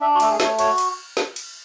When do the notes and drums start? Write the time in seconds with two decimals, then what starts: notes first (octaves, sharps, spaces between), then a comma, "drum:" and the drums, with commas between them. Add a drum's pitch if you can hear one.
0.01 D4 E5
0.15 F#4
0.20 A3 A4, drum: cymbal
0.30 G#4
0.40 A3 C#5, drum: snare
0.59 F#4 C#5, drum: cymbal
0.78 drum: cymbal
1.17 drum: snare
1.36 drum: cymbal